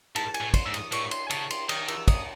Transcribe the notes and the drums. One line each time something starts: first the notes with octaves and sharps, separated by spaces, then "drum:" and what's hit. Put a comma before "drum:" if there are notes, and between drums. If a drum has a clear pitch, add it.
G#2 A5, drum: cymbal
G#5, drum: cymbal
A2
C6, drum: kick, cymbal
G#2 E6
D#6, drum: cymbal
A2 C#6, drum: cymbal
C6, drum: cymbal
G#5
C#3 A5, drum: cymbal
C6, drum: cymbal
D#3 D#6, drum: cymbal
E6, drum: cymbal
D#6, drum: kick, cymbal